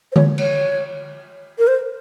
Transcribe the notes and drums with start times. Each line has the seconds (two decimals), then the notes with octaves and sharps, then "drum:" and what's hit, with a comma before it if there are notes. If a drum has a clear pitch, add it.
0.12 C5
0.16 C#5, drum: tom D3
0.38 C#5, drum: cymbal
1.59 A#4
1.67 C5